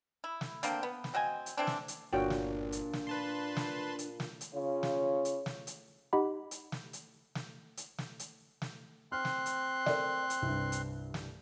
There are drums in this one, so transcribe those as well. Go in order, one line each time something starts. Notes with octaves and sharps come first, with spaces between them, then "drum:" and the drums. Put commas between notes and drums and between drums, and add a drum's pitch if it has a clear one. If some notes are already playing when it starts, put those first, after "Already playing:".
E4
drum: snare
D3 A#3 C4, drum: hi-hat
B3
drum: snare
C4 F#4 D#5 G#5
drum: hi-hat
E3 C4 D4
drum: snare
drum: hi-hat
G1 A#2 D4 F#4 C#5 G5
drum: snare
drum: hi-hat
drum: snare
B4 A5 C6
drum: snare
drum: hi-hat
drum: snare
drum: hi-hat
C#3 F4 C#5
drum: snare
drum: hi-hat
drum: snare
drum: hi-hat
D#4 G4 D#5 F#5 B5
drum: hi-hat
drum: snare
drum: hi-hat
drum: snare
drum: hi-hat
drum: snare
drum: hi-hat
drum: snare
C4 C6 F6 F#6
drum: snare
drum: hi-hat
A4 A#4 D5, drum: snare
drum: hi-hat
C2 G2
drum: hi-hat
drum: snare